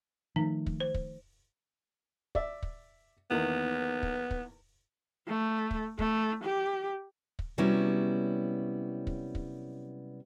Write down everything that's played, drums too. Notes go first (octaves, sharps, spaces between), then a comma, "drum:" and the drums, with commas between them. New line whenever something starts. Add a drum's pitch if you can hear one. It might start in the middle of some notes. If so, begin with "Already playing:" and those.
D#3 F3 A3 D#4
drum: kick
C5
drum: kick
D5 E5, drum: kick
drum: kick
E2 D#3 A#3 B3
drum: kick
drum: kick
A3
drum: kick
A3, drum: kick
G4
drum: kick
C3 F#3 G3 B3 C#4 E4
drum: kick
drum: kick